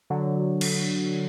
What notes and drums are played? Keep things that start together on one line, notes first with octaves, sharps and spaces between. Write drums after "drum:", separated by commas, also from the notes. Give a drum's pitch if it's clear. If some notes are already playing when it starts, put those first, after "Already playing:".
D3 F#3
drum: cymbal